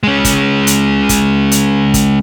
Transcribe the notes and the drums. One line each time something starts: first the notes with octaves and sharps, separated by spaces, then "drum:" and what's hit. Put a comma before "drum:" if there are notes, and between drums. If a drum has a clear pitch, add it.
G#3 C#4
drum: kick, hi-hat
drum: hi-hat
drum: kick, hi-hat
drum: hi-hat
drum: kick, hi-hat